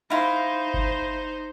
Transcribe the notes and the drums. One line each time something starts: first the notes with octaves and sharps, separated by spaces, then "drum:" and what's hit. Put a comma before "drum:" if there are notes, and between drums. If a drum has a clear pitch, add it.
D#4 E4 C5 F5 C6
drum: kick G1